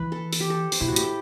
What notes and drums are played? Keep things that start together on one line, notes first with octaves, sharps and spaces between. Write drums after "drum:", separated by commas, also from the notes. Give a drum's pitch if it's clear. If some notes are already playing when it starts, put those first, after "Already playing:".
Already playing: E3 B4
A4
A4, drum: open hi-hat
G4
A4
C5, drum: open hi-hat
B2 E4
A2 F#4
G4, drum: hi-hat
A4